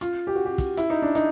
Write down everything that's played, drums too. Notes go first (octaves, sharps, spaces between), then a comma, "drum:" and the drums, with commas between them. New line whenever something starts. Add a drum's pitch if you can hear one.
F4, drum: hi-hat
G4
F#4
G4
drum: kick, hi-hat
E4, drum: hi-hat
D#4
D4
D#4, drum: hi-hat